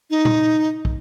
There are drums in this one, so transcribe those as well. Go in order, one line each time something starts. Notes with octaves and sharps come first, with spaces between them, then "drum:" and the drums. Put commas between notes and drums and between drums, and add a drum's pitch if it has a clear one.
D#4
drum: tom A#2
drum: kick